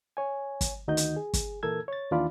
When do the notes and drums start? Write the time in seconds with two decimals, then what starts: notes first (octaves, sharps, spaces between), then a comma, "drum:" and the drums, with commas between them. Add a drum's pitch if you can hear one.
0.17 C#5 G#5
0.61 drum: kick, hi-hat
0.88 D2 D#3 D#4 F#4 D#5 G6
0.97 drum: hi-hat
1.16 G#4
1.33 drum: kick, hi-hat
1.63 A#2 E3 A4 A#4 E6 G#6
1.88 C#5 A6
2.11 D#2 E3 D4 F4 D5 B5